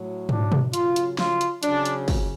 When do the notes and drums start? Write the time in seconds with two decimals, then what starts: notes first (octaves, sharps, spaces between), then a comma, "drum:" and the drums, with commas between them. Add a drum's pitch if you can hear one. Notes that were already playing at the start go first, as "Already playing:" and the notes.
Already playing: A2 F#3
0.29 D4, drum: tom
0.52 drum: tom B2
0.73 C#3 F#3 F4, drum: hi-hat
0.96 drum: hi-hat
1.19 F4, drum: snare
1.41 drum: hi-hat
1.63 C#3 F#3 D4, drum: hi-hat
1.85 drum: hi-hat
2.08 drum: kick, open hi-hat